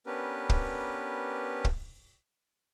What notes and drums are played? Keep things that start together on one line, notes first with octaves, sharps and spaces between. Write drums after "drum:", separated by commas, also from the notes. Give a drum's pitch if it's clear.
B3 C#4 D4 G4 A#4 B4
drum: kick
drum: kick